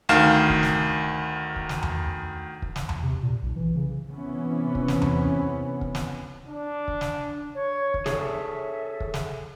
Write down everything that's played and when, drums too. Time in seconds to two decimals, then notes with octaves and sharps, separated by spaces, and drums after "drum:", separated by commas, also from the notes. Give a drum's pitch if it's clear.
0.09 D2 D#3 F5 E7
0.50 drum: kick
0.63 drum: snare
1.56 drum: kick
1.69 drum: snare
1.83 drum: tom E2
2.62 drum: kick
2.76 drum: snare
2.89 drum: tom E2
3.02 C3
3.22 A#2
3.42 B1
3.56 E3
3.76 C#3
4.11 C3 E3 B3 C#4
4.75 drum: kick
4.88 drum: snare
5.02 drum: tom E2
5.81 drum: kick
5.95 drum: snare
6.48 D4
6.88 drum: kick
7.01 drum: snare
7.55 C#5
7.94 drum: kick
8.06 G#4 A4 C#5 E5, drum: snare
9.00 drum: kick
9.14 drum: snare